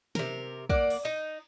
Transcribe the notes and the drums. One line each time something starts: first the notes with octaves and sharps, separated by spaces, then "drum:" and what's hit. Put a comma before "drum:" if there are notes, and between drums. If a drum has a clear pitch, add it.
C3 A#4, drum: snare
A#3 D5 F#5, drum: kick
drum: cymbal
D#4